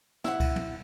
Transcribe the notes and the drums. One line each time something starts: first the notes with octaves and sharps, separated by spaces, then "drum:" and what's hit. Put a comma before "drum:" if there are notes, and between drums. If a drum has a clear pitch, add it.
E4 F#5, drum: snare
drum: kick C#2, cymbal
drum: tom